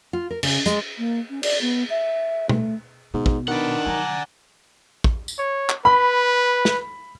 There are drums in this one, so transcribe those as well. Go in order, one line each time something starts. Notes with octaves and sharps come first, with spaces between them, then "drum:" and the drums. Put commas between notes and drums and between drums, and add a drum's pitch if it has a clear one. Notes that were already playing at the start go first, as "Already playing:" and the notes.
F4
A#4
C#3, drum: cymbal
G#3, drum: hi-hat
A#3
C#4
D5, drum: cymbal
B3
E5
A3, drum: tom B2
G#2 B2
drum: kick
D#3 D4 B4 D5 F#5
F3 F#3 G#5 A#5
drum: kick
drum: tambourine
C#5
drum: clap
B4 B5
drum: snare